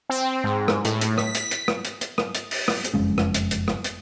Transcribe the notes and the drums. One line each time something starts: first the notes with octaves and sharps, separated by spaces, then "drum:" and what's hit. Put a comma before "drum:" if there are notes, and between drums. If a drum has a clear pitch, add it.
C4
G#2
drum: rim click
A2, drum: hi-hat
drum: hi-hat
B6, drum: rim click
drum: hi-hat
drum: hi-hat
drum: rim click
drum: hi-hat
drum: hi-hat
drum: rim click
drum: hi-hat
drum: open hi-hat
drum: rim click
drum: hi-hat
F#1 F2 G#3 C#4
drum: rim click
drum: hi-hat
drum: hi-hat
drum: rim click
drum: hi-hat